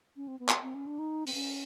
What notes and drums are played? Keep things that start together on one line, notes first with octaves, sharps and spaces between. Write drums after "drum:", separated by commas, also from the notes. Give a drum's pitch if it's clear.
C#4
C4
B3
drum: clap
C4
C#4
D4
D#4
C4, drum: open hi-hat
C#4